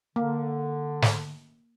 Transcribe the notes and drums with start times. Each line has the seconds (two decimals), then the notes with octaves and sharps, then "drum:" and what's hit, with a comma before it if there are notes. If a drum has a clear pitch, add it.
0.16 D3 A#3
1.02 drum: snare